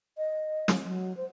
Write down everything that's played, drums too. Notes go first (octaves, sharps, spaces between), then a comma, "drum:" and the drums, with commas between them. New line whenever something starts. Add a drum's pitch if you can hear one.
D#5
drum: snare
F#3
C5